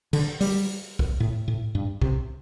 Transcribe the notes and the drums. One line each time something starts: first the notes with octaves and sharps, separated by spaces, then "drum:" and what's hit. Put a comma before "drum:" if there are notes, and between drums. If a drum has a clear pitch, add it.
D3, drum: cymbal
G3, drum: open hi-hat
drum: kick B1
A2
A2
G2
C3, drum: kick B1